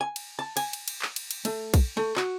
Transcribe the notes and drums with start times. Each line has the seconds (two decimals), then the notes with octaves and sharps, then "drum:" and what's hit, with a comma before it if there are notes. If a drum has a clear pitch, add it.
0.01 G#5
0.16 drum: cymbal
0.39 A5
0.57 G#5, drum: cymbal
0.73 drum: cymbal
0.88 drum: cymbal
1.02 drum: clap
1.16 drum: cymbal
1.31 drum: cymbal
1.45 A3, drum: cymbal
1.74 drum: kick, cymbal
1.97 A3
2.16 F#4, drum: clap